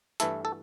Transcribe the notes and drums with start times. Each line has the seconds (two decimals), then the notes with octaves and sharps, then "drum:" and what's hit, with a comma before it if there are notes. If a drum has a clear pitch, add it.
0.20 G2 E3 A3 E4 A4, drum: hi-hat
0.45 A4